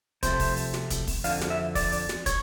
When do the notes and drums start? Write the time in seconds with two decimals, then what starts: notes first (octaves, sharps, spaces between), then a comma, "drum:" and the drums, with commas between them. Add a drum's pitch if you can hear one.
0.23 C3 F3 A3 C5, drum: kick, hi-hat
0.40 drum: kick, open hi-hat
0.57 drum: open hi-hat
0.74 drum: snare
0.90 drum: kick, hi-hat
1.07 drum: kick, open hi-hat
1.24 F2 D3 F3 F5, drum: open hi-hat
1.41 drum: snare
1.50 E5
1.75 D5, drum: kick, open hi-hat
1.92 drum: open hi-hat
2.09 drum: snare
2.26 C#5, drum: kick, hi-hat